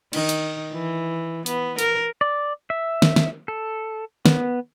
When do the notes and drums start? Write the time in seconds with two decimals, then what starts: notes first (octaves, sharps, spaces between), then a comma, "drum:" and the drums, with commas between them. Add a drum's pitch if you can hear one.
0.13 D#3, drum: cymbal
0.29 drum: hi-hat
0.72 E3
1.46 B3, drum: hi-hat
1.79 A#4, drum: hi-hat
2.21 D5
2.70 E5
3.02 drum: snare
3.16 drum: snare
3.48 A4
4.26 B3, drum: snare